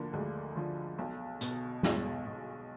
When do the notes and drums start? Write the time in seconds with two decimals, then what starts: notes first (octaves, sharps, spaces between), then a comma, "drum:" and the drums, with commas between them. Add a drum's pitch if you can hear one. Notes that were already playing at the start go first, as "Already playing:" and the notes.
Already playing: D2 D3 F3 A#3 D4
0.13 D2 G#3
0.56 D3 F3
0.98 B1
1.41 B2, drum: hi-hat
1.83 B1 G#3, drum: snare
2.26 B2